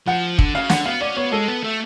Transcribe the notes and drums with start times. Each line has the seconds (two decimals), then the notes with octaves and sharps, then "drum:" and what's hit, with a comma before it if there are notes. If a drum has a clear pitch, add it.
0.07 F3 F#5
0.39 D3, drum: kick
0.55 C#3 F5
0.70 D3 F#5, drum: snare
0.86 B3 F5
1.01 C#4 D5
1.17 B3 C#5
1.32 G#3 A4
1.48 B3
1.64 A3